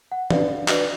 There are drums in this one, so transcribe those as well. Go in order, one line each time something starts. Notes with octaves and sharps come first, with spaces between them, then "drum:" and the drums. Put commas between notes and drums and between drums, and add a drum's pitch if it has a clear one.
F#5
D4 F#4 B4 D5 F5, drum: tom
D4 F#4 B4 D5 D#5, drum: clap